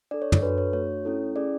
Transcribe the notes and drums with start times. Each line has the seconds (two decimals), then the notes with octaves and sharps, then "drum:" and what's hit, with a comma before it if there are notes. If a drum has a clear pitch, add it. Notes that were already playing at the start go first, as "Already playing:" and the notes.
0.11 D4 A4 D5
0.22 C#5
0.32 C#5, drum: tom
0.42 D4 F#4 A4 B4
0.58 C#5
0.73 A3 D4 F#4 C#5
1.05 A3 C#4 E4 A4
1.36 C#4 E4 G#4 D5